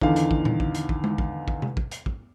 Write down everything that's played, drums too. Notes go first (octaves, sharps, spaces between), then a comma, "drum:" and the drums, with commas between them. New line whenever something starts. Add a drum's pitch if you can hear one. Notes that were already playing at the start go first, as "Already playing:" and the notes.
E2 D3 D#3 F5, drum: kick
drum: hi-hat
drum: kick
drum: tom A#2
drum: kick
drum: hi-hat
drum: kick
drum: tom G#3
drum: kick
drum: kick
drum: tom C3
drum: kick
drum: hi-hat
drum: kick